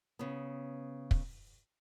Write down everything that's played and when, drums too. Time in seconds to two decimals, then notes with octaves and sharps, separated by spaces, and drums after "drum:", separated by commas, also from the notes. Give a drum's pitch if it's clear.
0.19 C#3 B3
1.11 drum: kick